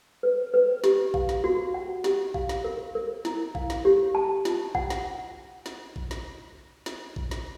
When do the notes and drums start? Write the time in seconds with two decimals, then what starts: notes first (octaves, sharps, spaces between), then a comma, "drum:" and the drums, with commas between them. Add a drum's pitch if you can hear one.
0.23 B4
0.54 B4
0.84 G4, drum: snare
1.14 F5, drum: kick A1
1.29 drum: snare
1.44 F#4
1.74 F#5
2.04 G4, drum: snare
2.34 F5, drum: kick A1
2.49 drum: snare
2.64 A#4
2.95 A#4
3.25 E4, drum: snare
3.55 F5, drum: kick A1
3.70 drum: snare
3.85 G4
4.15 A5
4.45 F4, drum: snare
4.75 F#5, drum: kick A1
4.90 drum: snare
5.66 drum: snare
5.96 drum: kick A1
6.11 drum: snare
6.86 drum: snare
7.16 drum: kick A1
7.31 drum: snare